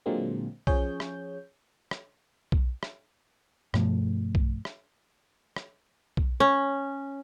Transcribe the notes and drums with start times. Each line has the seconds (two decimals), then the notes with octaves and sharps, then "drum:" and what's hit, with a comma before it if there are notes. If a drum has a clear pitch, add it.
0.06 A#2 D3 F#3 G#3 A#3 C4
0.67 F3 C#4 G#4 C#5 G6, drum: kick B1
1.00 drum: rim click
1.91 drum: rim click
2.52 drum: kick B1
2.83 drum: rim click
3.74 G2 B2 F3 A3, drum: rim click
4.35 drum: kick B1
4.65 drum: rim click
5.56 drum: rim click
6.17 drum: kick B1
6.40 C#4